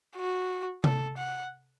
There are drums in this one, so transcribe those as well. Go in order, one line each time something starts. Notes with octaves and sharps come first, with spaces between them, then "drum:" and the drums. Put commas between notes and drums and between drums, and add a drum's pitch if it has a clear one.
F#4
A4, drum: tom C3
F#5